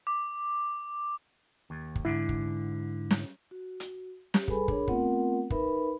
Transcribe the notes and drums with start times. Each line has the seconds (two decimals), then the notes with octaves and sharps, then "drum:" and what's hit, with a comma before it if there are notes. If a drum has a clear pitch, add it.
0.07 D6
1.70 D#2
1.95 drum: kick
2.05 G#2 D3 E4
2.29 drum: kick
3.11 drum: snare
3.51 F#4
3.80 drum: hi-hat
4.34 G4, drum: snare
4.48 G3 G#4 A4 B4 G#5 B5, drum: kick
4.68 D4 G#4 A#4 C#5 B5, drum: kick
4.88 A3 B3 C4 F4 A#4 F#5, drum: kick
5.50 D#4 A#4 B4 E5 B5, drum: kick